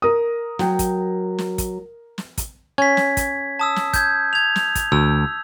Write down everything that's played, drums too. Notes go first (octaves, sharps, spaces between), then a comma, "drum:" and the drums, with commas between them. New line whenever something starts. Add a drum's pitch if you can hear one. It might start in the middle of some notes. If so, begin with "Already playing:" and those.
A#4 D#6
F#3 G5, drum: snare
drum: kick, hi-hat
drum: snare
drum: kick, hi-hat
drum: snare
drum: kick, hi-hat
C#4 G#6 B6
drum: snare
drum: kick, hi-hat
A5 D#6 E6
drum: snare
G6 G#6, drum: kick, hi-hat
G#6 F7
drum: snare
drum: kick, hi-hat
D2 E6